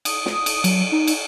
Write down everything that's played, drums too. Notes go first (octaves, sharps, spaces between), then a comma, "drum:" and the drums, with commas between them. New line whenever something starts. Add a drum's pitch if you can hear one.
D#6, drum: cymbal
drum: snare
drum: cymbal
F#3, drum: cymbal
D#4
drum: cymbal